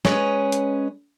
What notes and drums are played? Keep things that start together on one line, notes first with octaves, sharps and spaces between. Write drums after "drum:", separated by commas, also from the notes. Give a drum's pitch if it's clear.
G#3 C#4 B4 C#5 D#5, drum: snare
drum: hi-hat